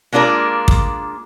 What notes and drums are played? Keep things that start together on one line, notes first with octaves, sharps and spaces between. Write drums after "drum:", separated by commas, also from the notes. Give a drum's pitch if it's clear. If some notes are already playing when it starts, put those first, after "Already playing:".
G#3 A#3 D4 F4 A#4
drum: kick